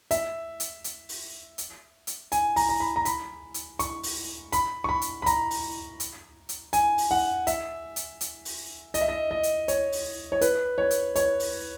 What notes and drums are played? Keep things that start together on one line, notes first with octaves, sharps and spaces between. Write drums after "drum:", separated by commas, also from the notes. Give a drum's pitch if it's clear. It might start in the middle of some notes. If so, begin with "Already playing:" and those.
E5, drum: hi-hat
drum: hi-hat
drum: hi-hat
drum: open hi-hat
drum: hi-hat
drum: hi-hat
G#5, drum: hi-hat
A#5, drum: open hi-hat
A#5
B5
A#5
B5, drum: hi-hat
drum: hi-hat
C#6, drum: hi-hat
drum: open hi-hat
B5, drum: hi-hat
C#6
B5
drum: hi-hat
B5
A#5, drum: hi-hat
drum: open hi-hat
drum: hi-hat
drum: hi-hat
G#5, drum: hi-hat
drum: open hi-hat
F#5
E5, drum: hi-hat
drum: hi-hat
drum: hi-hat
drum: open hi-hat
D#5, drum: hi-hat
E5
D#5
D#5
drum: hi-hat
C#5, drum: hi-hat
drum: open hi-hat
C#5
B4, drum: hi-hat
C#5
drum: hi-hat
C#5, drum: hi-hat
drum: open hi-hat